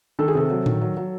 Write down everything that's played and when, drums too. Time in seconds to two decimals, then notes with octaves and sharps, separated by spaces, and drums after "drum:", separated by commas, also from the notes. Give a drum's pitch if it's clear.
0.19 D#3 A4
0.28 G#4
0.35 C3 A4
0.50 F#3
0.66 D#3, drum: tom A2
0.81 F#3
0.97 F#3